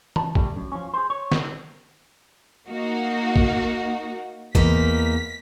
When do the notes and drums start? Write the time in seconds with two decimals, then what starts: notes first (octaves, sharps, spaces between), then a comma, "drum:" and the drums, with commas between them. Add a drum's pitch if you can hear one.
0.16 A5, drum: tom E3
0.35 G3 A3, drum: kick
0.56 F#2
0.72 F3 C#4
0.94 G#4 C5
1.10 C#5
1.32 drum: snare
2.69 A#3 D#4 F#4
3.36 drum: kick
4.55 E2 A#3 D#4 B6, drum: kick